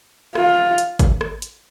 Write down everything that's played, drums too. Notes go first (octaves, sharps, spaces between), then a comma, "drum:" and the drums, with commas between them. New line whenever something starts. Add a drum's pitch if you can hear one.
F4, drum: rim click
drum: hi-hat
drum: kick G#1, hi-hat
drum: rim click
drum: hi-hat